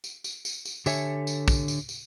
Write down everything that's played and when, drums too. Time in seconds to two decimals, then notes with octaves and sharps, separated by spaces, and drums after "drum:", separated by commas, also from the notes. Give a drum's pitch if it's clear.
0.04 drum: tambourine
0.24 drum: tambourine
0.45 drum: tambourine
0.65 drum: tambourine
0.86 D3 G4 A4 C#5 E5 G#5, drum: tambourine
1.27 drum: tambourine
1.48 drum: kick, tambourine
1.68 drum: tambourine
1.89 drum: tambourine